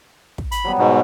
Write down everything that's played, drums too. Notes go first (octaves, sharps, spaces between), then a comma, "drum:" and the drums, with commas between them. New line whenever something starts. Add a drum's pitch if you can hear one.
drum: kick
B5, drum: hi-hat
F#3 G3 B3
G#2 B2